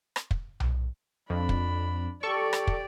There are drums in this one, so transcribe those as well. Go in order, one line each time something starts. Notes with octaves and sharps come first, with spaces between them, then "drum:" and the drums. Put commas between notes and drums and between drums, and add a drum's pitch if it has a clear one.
drum: rim click
drum: kick
drum: tom B1
F2 D4 B5
drum: kick
G4 A4 D5 C#6
drum: rim click
drum: kick